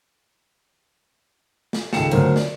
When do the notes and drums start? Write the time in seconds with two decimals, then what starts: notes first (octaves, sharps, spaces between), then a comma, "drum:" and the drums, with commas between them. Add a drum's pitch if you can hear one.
1.73 drum: snare
1.93 C#2 D#3 A4 G5 C#7 E7, drum: snare
2.11 D2 F#3 A#4 C5, drum: cymbal
2.36 D5, drum: snare